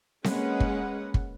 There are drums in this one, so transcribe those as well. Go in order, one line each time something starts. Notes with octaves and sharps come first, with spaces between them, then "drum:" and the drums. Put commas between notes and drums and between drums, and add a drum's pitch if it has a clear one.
G#3 A#3 C#4 B4 F#5, drum: snare C4
drum: kick
drum: kick